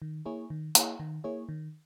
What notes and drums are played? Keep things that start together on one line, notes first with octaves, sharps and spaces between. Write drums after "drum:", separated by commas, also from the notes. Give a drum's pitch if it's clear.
D#3
A#3 E4 G#4 C#5
D#3
A#3 E4 G#4 C#5, drum: hi-hat
D#3
A#3 E4 G#4 C#5
D#3